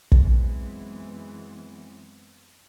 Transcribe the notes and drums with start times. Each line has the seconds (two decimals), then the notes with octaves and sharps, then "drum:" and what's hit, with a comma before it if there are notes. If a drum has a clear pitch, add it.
0.12 F#2 E3 G#3 B3 C4, drum: kick